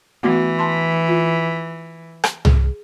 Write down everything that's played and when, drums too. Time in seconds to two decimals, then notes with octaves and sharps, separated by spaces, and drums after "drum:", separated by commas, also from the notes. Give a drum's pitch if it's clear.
0.23 E3 A3 B3 F#4
0.59 A5 C6
1.09 F4
2.24 drum: rim click
2.45 G#4, drum: tom